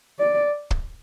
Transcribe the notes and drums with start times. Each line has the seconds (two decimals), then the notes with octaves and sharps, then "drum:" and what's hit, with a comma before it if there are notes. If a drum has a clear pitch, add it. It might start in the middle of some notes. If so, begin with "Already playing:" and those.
0.19 D5
0.71 drum: kick